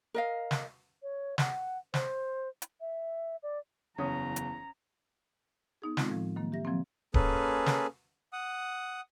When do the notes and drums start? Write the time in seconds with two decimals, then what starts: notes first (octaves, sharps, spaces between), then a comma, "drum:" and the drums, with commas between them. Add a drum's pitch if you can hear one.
0.14 A#4 D#5 F5
0.51 drum: snare
1.03 C#5
1.38 F#5, drum: snare
1.94 C5, drum: snare
2.62 drum: hi-hat
2.81 E5
3.43 D5
3.98 F#1 E2 C#4 A#5 D#6
4.36 drum: hi-hat
5.82 B3 D#4 G#4
5.97 D#3 G#3 C4 F4, drum: snare
6.09 A2 F3
6.36 D#3 F#3 A#3
6.52 G4 E5 A#6
6.65 C#3 F3 F#3 A#3 C4
7.14 A#3 C#4 G#4 A4 B4, drum: kick D1
7.66 drum: snare
8.33 F#5 D#6